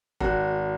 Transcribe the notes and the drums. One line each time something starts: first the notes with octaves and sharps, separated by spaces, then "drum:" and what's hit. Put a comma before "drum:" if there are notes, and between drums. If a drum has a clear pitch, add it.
G#1 F#4, drum: kick E1